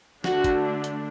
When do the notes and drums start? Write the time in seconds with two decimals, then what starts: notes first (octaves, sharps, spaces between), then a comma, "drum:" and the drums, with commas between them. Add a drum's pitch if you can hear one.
0.24 D3 A3 D4 F#4, drum: snare
0.44 drum: kick, hi-hat
0.84 drum: hi-hat